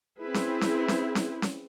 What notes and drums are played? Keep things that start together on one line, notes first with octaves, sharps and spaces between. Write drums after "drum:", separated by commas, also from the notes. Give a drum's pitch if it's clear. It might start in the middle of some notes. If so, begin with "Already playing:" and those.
C4 E4 G#4 B4
drum: snare C#4
drum: snare C#4
drum: snare C#4
drum: snare C#4
drum: snare C#4